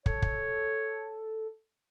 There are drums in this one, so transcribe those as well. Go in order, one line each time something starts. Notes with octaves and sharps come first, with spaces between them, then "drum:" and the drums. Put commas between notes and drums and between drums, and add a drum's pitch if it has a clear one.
A4 C#5, drum: kick
drum: kick